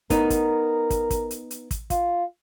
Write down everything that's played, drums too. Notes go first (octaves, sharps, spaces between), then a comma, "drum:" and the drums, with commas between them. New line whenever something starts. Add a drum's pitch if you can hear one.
B3 D#4 A#4, drum: kick, hi-hat
drum: kick, hi-hat
drum: kick, hi-hat
drum: kick, hi-hat
drum: hi-hat
drum: hi-hat
drum: kick, hi-hat
F4, drum: kick, hi-hat